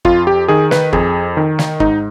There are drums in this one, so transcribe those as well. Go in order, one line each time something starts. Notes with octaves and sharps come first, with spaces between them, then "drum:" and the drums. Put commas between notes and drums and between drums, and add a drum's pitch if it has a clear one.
F2 F4, drum: kick
G4
D#3 G#4
B4, drum: snare
F2 G#4, drum: kick
D#3
drum: snare
G#2 D#4, drum: kick